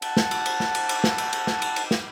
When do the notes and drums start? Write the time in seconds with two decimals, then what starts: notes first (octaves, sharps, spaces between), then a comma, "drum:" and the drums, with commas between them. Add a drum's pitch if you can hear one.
0.02 F#5 A5, drum: cymbal
0.17 drum: snare
0.31 drum: cymbal
0.46 drum: cymbal
0.60 drum: snare
0.75 drum: cymbal
0.89 drum: cymbal
1.04 drum: snare
1.18 drum: cymbal
1.33 drum: cymbal
1.47 drum: snare
1.62 drum: cymbal
1.76 drum: cymbal
1.91 drum: snare